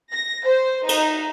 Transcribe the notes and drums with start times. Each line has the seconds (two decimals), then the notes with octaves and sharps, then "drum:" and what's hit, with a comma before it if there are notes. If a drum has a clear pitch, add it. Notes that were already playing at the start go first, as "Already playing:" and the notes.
0.13 A#6
0.46 C5
0.89 D#4, drum: cymbal